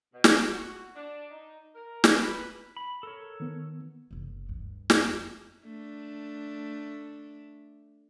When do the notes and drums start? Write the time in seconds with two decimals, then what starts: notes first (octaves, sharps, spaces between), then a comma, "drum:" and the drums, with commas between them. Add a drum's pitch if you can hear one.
0.13 B2
0.24 drum: snare
0.51 F#4
0.95 D4
1.30 D#4
1.75 A#4
2.04 drum: snare
2.15 B4
2.77 B5
3.03 A4 A#4 C#5
3.40 D#3 B3
4.11 F#1 C3
4.49 D2 G2
4.90 drum: snare
5.07 F2
5.62 A3 D4